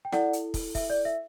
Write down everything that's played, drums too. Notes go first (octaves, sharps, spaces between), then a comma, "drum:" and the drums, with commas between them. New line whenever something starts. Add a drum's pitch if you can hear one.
G5
E4 A4 D5 F#5, drum: snare
drum: hi-hat
drum: kick, open hi-hat
E5, drum: kick, open hi-hat
D5
E5